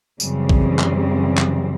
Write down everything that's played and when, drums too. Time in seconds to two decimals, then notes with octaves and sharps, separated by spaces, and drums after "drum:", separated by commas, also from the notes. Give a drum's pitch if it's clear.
0.20 F#2 C#3 E3 G3 C4, drum: tambourine
0.49 drum: kick
0.79 drum: clap
1.38 drum: clap